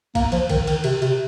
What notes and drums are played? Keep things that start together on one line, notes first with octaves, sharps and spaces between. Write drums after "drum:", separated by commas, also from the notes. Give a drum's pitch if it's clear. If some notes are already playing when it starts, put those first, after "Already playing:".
A#3, drum: kick A#1, cymbal
F3, drum: cymbal
D#3, drum: kick A#1, cymbal
D#3, drum: cymbal
C3, drum: cymbal
C3, drum: cymbal